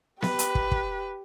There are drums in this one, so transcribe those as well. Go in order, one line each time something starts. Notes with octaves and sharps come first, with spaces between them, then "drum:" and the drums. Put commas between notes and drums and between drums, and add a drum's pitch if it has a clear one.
G4 B4, drum: snare B3
drum: hi-hat
drum: kick
drum: kick